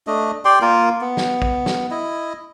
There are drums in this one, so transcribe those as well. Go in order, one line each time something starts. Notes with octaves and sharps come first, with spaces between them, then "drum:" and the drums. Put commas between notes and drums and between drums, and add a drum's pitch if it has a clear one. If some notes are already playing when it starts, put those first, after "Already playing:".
A3 D4 D#5
G4 D5 G5 C6
A#3 F4 A#4
B3
drum: snare
drum: kick
drum: snare
E4 D#5